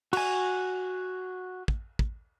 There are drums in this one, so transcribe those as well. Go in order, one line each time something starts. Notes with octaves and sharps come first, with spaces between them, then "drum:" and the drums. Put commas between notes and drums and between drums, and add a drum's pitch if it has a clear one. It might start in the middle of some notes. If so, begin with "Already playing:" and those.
F#4 G#5, drum: cymbal
drum: kick
drum: kick